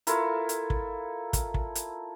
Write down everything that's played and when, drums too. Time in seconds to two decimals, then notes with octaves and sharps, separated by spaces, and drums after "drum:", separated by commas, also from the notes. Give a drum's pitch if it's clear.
0.07 E4 F4 A4 A#4, drum: hi-hat
0.49 drum: hi-hat
0.70 drum: kick
1.33 drum: kick, hi-hat
1.54 drum: kick
1.75 drum: hi-hat